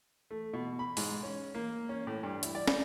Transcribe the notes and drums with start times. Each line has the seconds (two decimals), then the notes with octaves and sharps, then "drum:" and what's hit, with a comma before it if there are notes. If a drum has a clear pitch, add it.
0.31 A3
0.53 B2
0.79 B5
0.97 G#2, drum: open hi-hat
1.23 C#4
1.55 A#3
1.89 C#4
2.07 A2
2.23 G2
2.43 E4, drum: hi-hat
2.55 D5
2.68 drum: snare